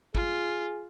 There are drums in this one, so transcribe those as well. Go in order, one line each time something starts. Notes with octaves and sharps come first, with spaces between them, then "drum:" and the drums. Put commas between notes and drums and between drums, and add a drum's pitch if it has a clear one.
F4 G#4, drum: kick